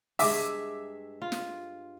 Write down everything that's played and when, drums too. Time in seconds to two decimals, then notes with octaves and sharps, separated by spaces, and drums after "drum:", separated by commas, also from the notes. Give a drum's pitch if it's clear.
0.19 G2 G#3 E5 D6, drum: open hi-hat
1.22 F4
1.32 drum: snare